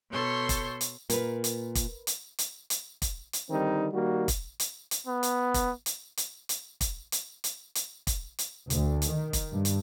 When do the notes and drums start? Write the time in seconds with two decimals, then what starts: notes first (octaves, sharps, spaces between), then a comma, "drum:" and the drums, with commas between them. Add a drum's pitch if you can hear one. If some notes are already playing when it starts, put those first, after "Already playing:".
0.11 B2 A4 C#5 C6 G6
0.49 drum: kick, hi-hat
0.81 drum: hi-hat
1.10 A#2 A#4 B4, drum: hi-hat
1.44 drum: hi-hat
1.75 drum: kick, hi-hat
2.07 drum: hi-hat
2.39 drum: hi-hat
2.70 drum: hi-hat
3.02 drum: kick, hi-hat
3.33 drum: hi-hat
3.50 D3 D#3 G3 C4 D#4
3.93 D#3 G3 A#3 F#4
4.28 drum: kick, hi-hat
4.60 drum: hi-hat
4.91 drum: hi-hat
5.07 B3
5.23 drum: hi-hat
5.54 drum: kick, hi-hat
5.86 drum: hi-hat
6.17 drum: hi-hat
6.49 drum: hi-hat
6.81 drum: kick, hi-hat
7.12 drum: hi-hat
7.44 drum: hi-hat
7.75 drum: hi-hat
8.07 drum: kick, hi-hat
8.39 drum: hi-hat
8.70 D2, drum: hi-hat
9.02 drum: hi-hat
9.11 D#3
9.33 drum: kick, hi-hat
9.52 G2
9.65 drum: hi-hat